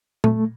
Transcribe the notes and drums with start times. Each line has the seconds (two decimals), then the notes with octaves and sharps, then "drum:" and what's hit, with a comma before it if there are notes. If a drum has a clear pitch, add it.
0.24 A3, drum: tom A#2